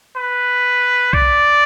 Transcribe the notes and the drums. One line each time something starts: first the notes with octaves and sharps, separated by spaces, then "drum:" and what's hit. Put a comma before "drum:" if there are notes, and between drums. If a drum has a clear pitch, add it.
B4
D5, drum: kick B1